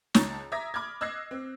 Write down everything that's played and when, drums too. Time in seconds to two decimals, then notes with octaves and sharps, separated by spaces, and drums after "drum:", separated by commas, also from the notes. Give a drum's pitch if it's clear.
0.14 C#2 C#5 A5 A#5 A6, drum: snare
0.52 E5 A#5 D6 D#6 G#6 A#6
0.74 B5 D6 F6 G#6
1.01 D#5 E6 F#6 G#6 A#6 C7
1.31 C4